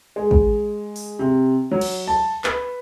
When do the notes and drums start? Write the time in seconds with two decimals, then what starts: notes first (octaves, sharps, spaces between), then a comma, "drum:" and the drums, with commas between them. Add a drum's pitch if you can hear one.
0.16 G#3
0.31 drum: kick
0.96 drum: open hi-hat
1.19 C3
1.71 F#3
1.81 drum: cymbal
2.07 A5
2.44 B4, drum: clap